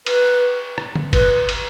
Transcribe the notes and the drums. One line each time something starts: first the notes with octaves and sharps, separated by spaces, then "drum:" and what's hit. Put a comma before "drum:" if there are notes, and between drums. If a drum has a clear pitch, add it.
B4, drum: cymbal
drum: rim click
drum: tom D3
B4, drum: kick G1, cymbal
drum: cymbal